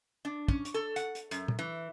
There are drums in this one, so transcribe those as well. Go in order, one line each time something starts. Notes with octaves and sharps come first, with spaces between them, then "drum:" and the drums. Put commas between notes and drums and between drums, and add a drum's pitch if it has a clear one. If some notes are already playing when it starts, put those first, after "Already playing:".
D4
C#4, drum: kick
drum: hi-hat
A4
F#5, drum: hi-hat
drum: hi-hat
F#2, drum: hi-hat
drum: tom
E3